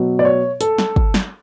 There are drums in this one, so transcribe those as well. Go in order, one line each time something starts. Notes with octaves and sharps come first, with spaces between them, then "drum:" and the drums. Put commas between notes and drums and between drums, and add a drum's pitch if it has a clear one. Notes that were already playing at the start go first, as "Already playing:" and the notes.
Already playing: B2 F#3 B3
D5
C#5
A4, drum: hi-hat
drum: snare
drum: kick
drum: snare